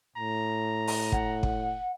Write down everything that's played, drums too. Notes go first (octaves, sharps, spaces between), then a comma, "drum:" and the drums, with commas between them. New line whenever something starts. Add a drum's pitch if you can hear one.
A2 A#5
drum: open hi-hat
F#5, drum: kick
drum: kick